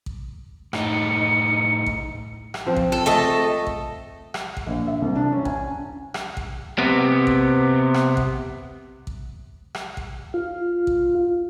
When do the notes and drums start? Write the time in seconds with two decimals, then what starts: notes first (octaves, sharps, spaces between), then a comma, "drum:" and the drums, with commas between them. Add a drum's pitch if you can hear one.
0.06 drum: kick A1
0.73 A2 D#4, drum: rim click
0.92 C#7
1.86 drum: kick A1
2.54 drum: rim click
2.66 F3 C4
2.77 drum: kick A1
2.92 A4
3.06 A3 A4 D#5
3.67 drum: kick A1
4.34 drum: rim click
4.57 drum: kick A1
4.67 A#1
4.87 E5
5.02 C2
5.16 D4
5.32 C#4
5.45 G#5, drum: kick A1
6.14 drum: rim click
6.37 drum: kick A1
6.78 C3 B3
7.27 drum: kick A1
7.94 drum: rim click
8.17 drum: kick A1
9.07 drum: kick A1
9.75 drum: rim click
9.97 drum: kick A1
10.34 F4
10.87 drum: kick A1